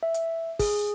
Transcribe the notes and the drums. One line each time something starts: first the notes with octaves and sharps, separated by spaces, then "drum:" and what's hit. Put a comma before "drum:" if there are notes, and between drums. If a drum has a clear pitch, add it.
E5
drum: hi-hat
G#4, drum: kick, open hi-hat